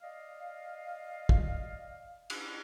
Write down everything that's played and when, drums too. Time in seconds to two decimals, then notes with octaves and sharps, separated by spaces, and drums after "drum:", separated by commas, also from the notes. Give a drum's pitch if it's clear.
0.02 D5 D#5 F5
1.29 drum: kick
2.30 drum: cymbal